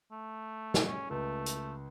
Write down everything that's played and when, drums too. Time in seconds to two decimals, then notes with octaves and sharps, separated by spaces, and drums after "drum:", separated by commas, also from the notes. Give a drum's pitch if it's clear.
0.11 A3
0.74 drum: snare
0.87 C#4
1.10 C#2 A3
1.46 drum: hi-hat